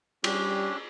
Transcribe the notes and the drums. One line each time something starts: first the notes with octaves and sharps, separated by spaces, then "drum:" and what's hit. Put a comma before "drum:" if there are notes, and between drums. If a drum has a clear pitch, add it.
G3 C#4 D4 G4, drum: cymbal